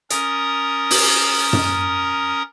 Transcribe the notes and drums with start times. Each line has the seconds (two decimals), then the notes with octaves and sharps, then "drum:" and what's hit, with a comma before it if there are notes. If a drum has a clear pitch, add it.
0.10 C#4 A#4 A#5 D#6 A6, drum: hi-hat
0.90 drum: open hi-hat
1.53 drum: tom F#2